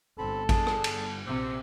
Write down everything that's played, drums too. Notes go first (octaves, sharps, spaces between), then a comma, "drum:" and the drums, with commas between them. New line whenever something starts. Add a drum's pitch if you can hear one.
G1 C4 A4 B5
D4 G#4 A5, drum: kick G#1, cymbal
drum: rim click
drum: cymbal
A#1 C3 G4 C5 E6